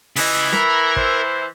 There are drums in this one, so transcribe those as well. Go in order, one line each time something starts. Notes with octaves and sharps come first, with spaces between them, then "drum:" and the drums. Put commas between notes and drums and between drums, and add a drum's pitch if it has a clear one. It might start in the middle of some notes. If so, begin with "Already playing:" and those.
C#3 E3 E4 D#5, drum: open hi-hat
A#4 B5, drum: snare
C5, drum: kick